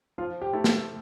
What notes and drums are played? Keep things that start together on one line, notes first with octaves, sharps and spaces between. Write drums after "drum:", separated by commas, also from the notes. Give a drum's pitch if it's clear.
F3 F4
G4
A3 E4 G4
A4, drum: snare